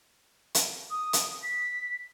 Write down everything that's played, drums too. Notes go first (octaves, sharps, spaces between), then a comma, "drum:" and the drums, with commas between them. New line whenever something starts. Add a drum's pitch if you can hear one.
drum: hi-hat
D#6
drum: hi-hat
B6